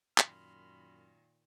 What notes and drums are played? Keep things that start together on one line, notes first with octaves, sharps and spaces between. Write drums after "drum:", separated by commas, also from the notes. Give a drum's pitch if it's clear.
F#2 A#2 D#3 B5 C6 F6, drum: clap